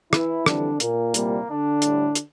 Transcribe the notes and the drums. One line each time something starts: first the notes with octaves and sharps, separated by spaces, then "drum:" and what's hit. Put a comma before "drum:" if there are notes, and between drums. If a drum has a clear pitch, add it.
E3 E4, drum: rim click
F2 D3 E3 G3 D4, drum: rim click
A#2 A#3, drum: hi-hat
C2 A#2 G3, drum: hi-hat
D3 D4
A2 G3, drum: hi-hat
drum: hi-hat